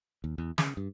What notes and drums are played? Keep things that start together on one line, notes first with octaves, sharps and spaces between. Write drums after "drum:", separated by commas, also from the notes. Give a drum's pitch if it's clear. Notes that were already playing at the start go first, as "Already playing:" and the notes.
D#2
E2
C#3, drum: snare
G2